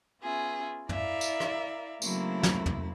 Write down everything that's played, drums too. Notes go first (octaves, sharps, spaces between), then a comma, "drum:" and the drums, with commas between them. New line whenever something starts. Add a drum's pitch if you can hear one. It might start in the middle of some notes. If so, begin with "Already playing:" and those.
B3 C#4 F4 G#4 E5
E4 A#4 D5 E5 F5, drum: tom
drum: tambourine
drum: rim click
C#3 F#3 A3 A#3 C4 E4, drum: tambourine
drum: snare
drum: tom